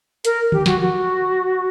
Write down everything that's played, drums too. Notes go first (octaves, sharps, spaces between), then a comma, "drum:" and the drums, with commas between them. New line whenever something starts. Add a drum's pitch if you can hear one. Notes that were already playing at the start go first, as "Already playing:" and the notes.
A#4, drum: hi-hat
G4, drum: tom D3
F#4, drum: snare
F#4